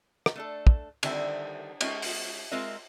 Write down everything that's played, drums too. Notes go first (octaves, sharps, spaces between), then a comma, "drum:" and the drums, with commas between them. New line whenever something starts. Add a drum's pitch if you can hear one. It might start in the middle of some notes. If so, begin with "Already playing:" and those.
drum: rim click
A3 D4 A4
drum: kick
D3 D#3 G3 C4 E5, drum: cymbal
G#3 C#4 F4 G4 C#5 D#5, drum: cymbal
drum: open hi-hat
G#3 C4 F4 A#4 D#5 E5